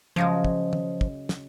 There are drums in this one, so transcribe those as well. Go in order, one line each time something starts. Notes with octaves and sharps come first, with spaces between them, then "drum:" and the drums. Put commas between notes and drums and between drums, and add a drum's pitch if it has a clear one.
C#3 F3 F#3 G#3
drum: kick
drum: tom
drum: kick
drum: snare